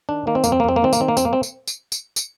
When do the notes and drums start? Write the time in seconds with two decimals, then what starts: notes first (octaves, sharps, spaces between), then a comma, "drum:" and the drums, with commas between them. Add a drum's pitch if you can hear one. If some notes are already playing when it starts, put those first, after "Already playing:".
0.09 D#3 D4
0.27 D#3 A#3
0.35 C4
0.44 F2 A#3, drum: tambourine
0.52 C4
0.60 A#3
0.64 F2 C4
0.76 A#3
0.82 D#3 C4
0.93 A#3, drum: tambourine
1.00 D#3 C4
1.08 A#3
1.17 F2 C4, drum: tambourine
1.25 A#3
1.33 C4
1.43 drum: tambourine
1.67 drum: tambourine
1.92 drum: tambourine
2.16 drum: tambourine